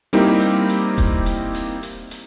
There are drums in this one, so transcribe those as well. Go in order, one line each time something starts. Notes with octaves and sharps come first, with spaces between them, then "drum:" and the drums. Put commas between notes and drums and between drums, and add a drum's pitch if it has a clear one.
G3 A#3 C4 D#4 E4 G4, drum: hi-hat
drum: hi-hat
drum: hi-hat
drum: kick D#1, hi-hat
drum: hi-hat
drum: open hi-hat
drum: hi-hat
drum: hi-hat